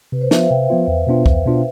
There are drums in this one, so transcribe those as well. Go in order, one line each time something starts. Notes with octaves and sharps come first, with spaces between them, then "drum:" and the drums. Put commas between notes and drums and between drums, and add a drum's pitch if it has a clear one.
C3 B4
C5
F3 B3 F4 E5, drum: snare
F5
C3 G5
F3 B3 F4
E2
B2 B3 D4 F4
E2, drum: kick C2
B2 B3 D4 F4